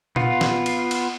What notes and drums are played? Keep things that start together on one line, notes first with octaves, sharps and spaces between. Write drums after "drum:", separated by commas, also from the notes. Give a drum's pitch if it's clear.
B3 F4, drum: tom A#2
drum: snare
drum: cymbal
drum: cymbal